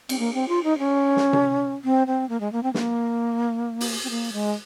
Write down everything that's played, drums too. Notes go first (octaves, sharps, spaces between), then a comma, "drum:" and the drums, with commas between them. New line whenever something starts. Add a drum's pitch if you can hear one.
C4, drum: cymbal
A#3
C4
F4
D#4
C#4
drum: snare
drum: tom C3
C4
C4
A#3
G#3
A#3
C4
A#3, drum: snare
drum: open hi-hat
C4
A#3
G#3